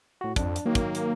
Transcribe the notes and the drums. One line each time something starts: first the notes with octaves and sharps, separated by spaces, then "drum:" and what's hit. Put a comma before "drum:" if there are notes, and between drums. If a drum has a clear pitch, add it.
A2 F#4
F2 D4, drum: kick, hi-hat
drum: hi-hat
D#3 F#3 A#3
drum: kick, hi-hat
drum: hi-hat